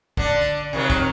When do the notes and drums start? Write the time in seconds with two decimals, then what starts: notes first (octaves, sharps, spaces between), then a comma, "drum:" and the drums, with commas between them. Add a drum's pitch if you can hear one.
0.17 D3 D4, drum: kick
0.42 drum: tambourine
0.73 C3 D#3 F#3
0.90 drum: kick, tambourine